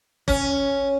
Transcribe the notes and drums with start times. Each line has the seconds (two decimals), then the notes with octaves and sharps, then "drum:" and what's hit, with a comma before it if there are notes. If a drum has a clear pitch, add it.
0.28 C#4, drum: kick